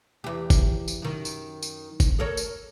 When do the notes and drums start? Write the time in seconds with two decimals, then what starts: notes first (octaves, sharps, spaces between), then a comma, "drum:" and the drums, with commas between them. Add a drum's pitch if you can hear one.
0.24 E2 G4
0.50 drum: kick, tambourine
0.88 drum: tambourine
1.02 F#2 D#3
1.25 drum: tambourine
1.63 drum: tambourine
2.00 drum: kick, tambourine
2.19 A4 A#4 C#5
2.37 drum: tambourine